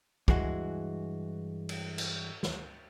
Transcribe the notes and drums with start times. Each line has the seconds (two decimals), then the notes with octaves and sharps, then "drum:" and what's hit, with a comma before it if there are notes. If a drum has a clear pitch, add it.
0.28 G2 E3 G#3 F#4, drum: kick
1.69 drum: cymbal
1.98 drum: cymbal
2.43 drum: snare